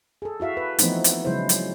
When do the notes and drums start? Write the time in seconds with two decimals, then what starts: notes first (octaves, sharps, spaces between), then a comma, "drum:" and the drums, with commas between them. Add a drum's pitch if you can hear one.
0.22 G#4 A4
0.40 E4 F#4 E5 F5
0.57 B4
0.79 E3 F3 A3 B3 C4 D#4, drum: hi-hat
1.04 drum: hi-hat
1.25 C#3 F#3 G#3 E4 C5
1.49 F#3, drum: hi-hat